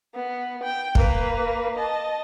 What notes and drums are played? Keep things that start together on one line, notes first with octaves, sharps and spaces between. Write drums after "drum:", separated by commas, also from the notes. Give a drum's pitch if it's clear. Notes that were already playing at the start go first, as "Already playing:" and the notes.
B3
G5
A#3 B4, drum: kick
D#5 A5